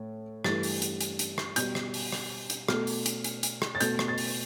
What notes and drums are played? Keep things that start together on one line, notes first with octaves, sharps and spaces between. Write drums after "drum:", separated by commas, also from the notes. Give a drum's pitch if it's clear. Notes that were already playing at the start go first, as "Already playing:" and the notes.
Already playing: A2 A3
G2 E3 A3 A6, drum: rim click
drum: open hi-hat
drum: hi-hat
drum: hi-hat
drum: hi-hat
drum: rim click
B2 G3 G6, drum: hi-hat
drum: rim click
drum: open hi-hat
drum: rim click
drum: hi-hat
B2 A3 F6, drum: rim click
drum: open hi-hat
drum: hi-hat
drum: hi-hat
drum: hi-hat
drum: rim click
A6
B2 A3 G6, drum: hi-hat
drum: rim click
A6
drum: open hi-hat